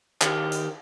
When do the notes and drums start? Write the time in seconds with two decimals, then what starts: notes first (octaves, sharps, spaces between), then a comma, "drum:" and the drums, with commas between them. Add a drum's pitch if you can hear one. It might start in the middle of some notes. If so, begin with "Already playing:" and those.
0.22 D#3 G4, drum: clap
0.52 drum: hi-hat